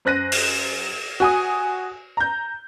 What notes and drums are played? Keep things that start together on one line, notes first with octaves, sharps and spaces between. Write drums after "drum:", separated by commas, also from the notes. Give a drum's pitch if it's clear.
F#2 C5 F#6 A#6 D#7
drum: open hi-hat
F#4 G#5 D#6
A#5 G6